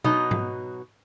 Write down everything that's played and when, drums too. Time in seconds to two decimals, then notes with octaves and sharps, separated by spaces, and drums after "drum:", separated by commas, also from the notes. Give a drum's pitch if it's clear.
0.04 B2 F#3 D#4 D#5, drum: tom B2
0.31 drum: tom G#2